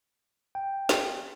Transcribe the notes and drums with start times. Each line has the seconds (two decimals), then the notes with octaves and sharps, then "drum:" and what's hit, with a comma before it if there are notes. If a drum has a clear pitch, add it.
0.55 G5
0.89 drum: snare